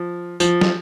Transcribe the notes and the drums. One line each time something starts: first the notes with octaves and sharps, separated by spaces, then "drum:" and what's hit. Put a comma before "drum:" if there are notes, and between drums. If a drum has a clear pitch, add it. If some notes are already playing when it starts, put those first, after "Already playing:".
Already playing: F3
F3, drum: tambourine
drum: snare